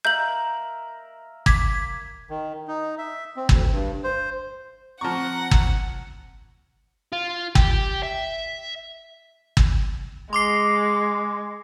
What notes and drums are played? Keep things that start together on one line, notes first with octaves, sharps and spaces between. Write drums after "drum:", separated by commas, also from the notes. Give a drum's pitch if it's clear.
A#4 E5 F5 G6 F#7
D6 G#6 B6, drum: kick
D#3
D#4
E5
C4
D2, drum: kick
G2
C5
F3 C4 F#5 A#5 C#6
drum: kick
F4
G4, drum: kick
E5
drum: kick
G#3 C6 D6 C7